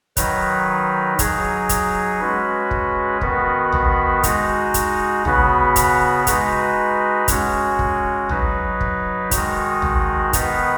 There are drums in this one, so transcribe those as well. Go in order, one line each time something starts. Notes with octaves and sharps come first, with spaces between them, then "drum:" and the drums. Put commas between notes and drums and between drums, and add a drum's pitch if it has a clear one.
D#3 F#3 D#4 B4, drum: kick, hi-hat
F#3 D#4 G#4, drum: kick, hi-hat
drum: kick, hi-hat
G#3 C#4 F#4 B4
drum: kick
D#3 B3 F#4 B4, drum: kick
drum: tom
G#3 D#4 F#4, drum: kick, hi-hat
drum: kick, hi-hat
C#3 B3 F#4 B4, drum: tom
drum: kick, hi-hat
G#3 D#4 F#4 B4, drum: kick, hi-hat
G#3 C#4 F#4, drum: kick, hi-hat
drum: kick
F#3 D#4 B4, drum: tom
drum: kick
D#3 G#3 D#4 F#4, drum: kick, hi-hat
drum: tom
D#3 B3 D#4 B4, drum: kick, hi-hat